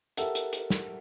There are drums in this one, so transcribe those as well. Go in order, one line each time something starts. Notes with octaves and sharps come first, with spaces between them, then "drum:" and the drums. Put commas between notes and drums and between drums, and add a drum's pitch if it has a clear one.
G4 A4 A#4 E5 F#5, drum: hi-hat
drum: hi-hat
drum: hi-hat
drum: snare